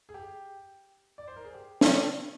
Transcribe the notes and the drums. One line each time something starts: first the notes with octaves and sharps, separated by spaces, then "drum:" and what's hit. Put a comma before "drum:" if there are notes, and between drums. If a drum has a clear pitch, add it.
G#4
G4
D5
C5
A#4
G#4
G4
drum: snare